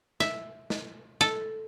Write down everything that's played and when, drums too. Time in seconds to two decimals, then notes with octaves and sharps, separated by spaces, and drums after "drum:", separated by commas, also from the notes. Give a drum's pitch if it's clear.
0.20 E5, drum: snare
0.70 drum: snare
1.21 A4, drum: snare